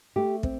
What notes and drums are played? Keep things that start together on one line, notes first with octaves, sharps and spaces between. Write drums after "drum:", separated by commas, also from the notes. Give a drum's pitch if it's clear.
A3 G4
C4, drum: kick